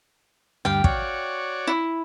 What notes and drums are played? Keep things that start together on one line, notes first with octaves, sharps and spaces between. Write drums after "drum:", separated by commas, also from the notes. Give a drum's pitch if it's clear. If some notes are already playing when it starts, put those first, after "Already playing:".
D2 G2 G3 F5 G5
F#4 C#5 D5, drum: kick
E4